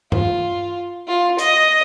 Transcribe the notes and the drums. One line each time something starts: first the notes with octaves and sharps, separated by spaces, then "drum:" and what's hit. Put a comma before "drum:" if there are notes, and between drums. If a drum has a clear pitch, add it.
F4, drum: tom G2
F4
D#5, drum: hi-hat